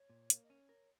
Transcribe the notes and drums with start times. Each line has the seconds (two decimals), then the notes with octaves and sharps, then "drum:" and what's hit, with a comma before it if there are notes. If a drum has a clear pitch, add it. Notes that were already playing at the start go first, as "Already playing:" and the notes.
Already playing: C#5
0.10 A#2
0.30 A#3, drum: hi-hat
0.43 D#5
0.49 C#4 C#5
0.69 A#4